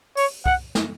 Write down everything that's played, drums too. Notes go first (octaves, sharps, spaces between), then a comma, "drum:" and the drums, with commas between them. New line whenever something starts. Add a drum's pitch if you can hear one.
C#5, drum: open hi-hat
F#5, drum: kick
drum: snare